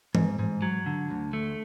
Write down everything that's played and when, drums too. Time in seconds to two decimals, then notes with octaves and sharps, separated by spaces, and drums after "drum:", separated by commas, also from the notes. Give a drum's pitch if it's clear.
0.15 G#2, drum: tom E3
0.39 G#2
0.62 F#3
0.86 D3
1.10 D2
1.33 A3